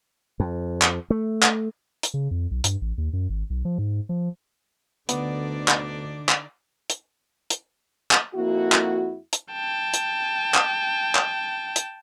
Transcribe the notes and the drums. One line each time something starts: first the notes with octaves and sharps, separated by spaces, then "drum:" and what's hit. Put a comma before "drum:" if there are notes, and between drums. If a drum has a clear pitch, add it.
F2
drum: clap
A3
drum: clap
drum: hi-hat
C#3
F2
B1
G2, drum: hi-hat
A1
D#2
F#2
G#1
B1
F3
G#2
F3
D2 D3 B3 D4 D#4 D5, drum: hi-hat
drum: clap
drum: clap
drum: hi-hat
drum: hi-hat
drum: clap
F2 A#3 E4 F#4
drum: clap
drum: hi-hat
G5 A5
drum: hi-hat
drum: clap
drum: clap
drum: hi-hat